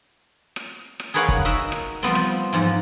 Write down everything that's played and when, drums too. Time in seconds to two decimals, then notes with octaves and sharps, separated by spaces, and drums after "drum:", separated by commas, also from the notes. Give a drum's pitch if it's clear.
0.56 drum: rim click
1.00 drum: rim click
1.14 G#4 A#4 B4 C#5 F5 F#5
1.28 drum: kick
1.45 D#4 F#4 A#4 E5
1.72 drum: rim click
2.03 F3 G3 B3 C4
2.15 drum: rim click
2.53 F2 G#2 F3